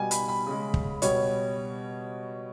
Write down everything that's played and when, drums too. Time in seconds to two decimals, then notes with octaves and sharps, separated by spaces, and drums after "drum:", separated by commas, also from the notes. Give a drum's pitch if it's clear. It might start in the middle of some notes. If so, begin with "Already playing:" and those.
Already playing: B2 G3 G#5
0.11 B5, drum: hi-hat
0.28 B5
0.46 C#3 G#3
0.74 drum: kick
1.02 B2 G3 C#5, drum: hi-hat